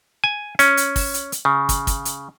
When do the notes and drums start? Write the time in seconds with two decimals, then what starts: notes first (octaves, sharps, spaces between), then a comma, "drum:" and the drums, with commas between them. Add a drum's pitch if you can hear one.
0.24 G#5
0.59 C#4, drum: hi-hat
0.77 drum: hi-hat
0.96 drum: kick, open hi-hat
1.14 drum: hi-hat
1.32 drum: hi-hat
1.45 C#3
1.69 drum: kick, hi-hat
1.87 drum: kick, hi-hat
2.05 drum: hi-hat